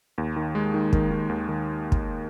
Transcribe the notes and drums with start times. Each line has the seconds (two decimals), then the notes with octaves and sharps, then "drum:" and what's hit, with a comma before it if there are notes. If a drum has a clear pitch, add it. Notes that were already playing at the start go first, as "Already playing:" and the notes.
0.18 D#2
0.36 D#3
0.55 G#3
0.74 D#3
0.93 D#3, drum: kick
1.11 D#3
1.29 D#2
1.49 D#3
1.92 drum: kick